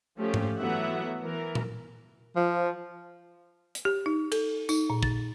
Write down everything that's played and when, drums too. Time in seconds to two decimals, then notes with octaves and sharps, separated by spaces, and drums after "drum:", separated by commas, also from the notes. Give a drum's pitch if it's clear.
0.18 F3 A3 C#4 G4
0.34 drum: tom G#2
0.60 E3 F#3 A3 B3 E5 F#5
1.23 E3 A#4
1.55 drum: tom A#2
2.35 F3
3.75 drum: hi-hat
3.85 G4
4.06 D#4
4.32 A4, drum: cymbal
4.69 D#4, drum: tambourine
4.90 A#2
5.03 A6, drum: kick